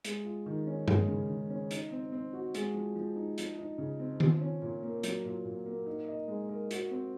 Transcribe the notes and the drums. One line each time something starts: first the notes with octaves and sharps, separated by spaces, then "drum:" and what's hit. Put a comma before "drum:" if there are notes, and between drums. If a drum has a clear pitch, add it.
G#3, drum: hi-hat
F4
D#3
C#4
G#3, drum: tom G2
C#3
C#3
C#4
D#4, drum: hi-hat
C4
C4
F#4
G#3, drum: hi-hat
F3
F3
D#4
F3, drum: hi-hat
D#4
C#3
C4
F3, drum: tom D#3
C#4
A#2
A#3
F#3, drum: hi-hat
A#2
A#2
A#3
D#4
D#5
G#3
A#4
F#4, drum: hi-hat
C4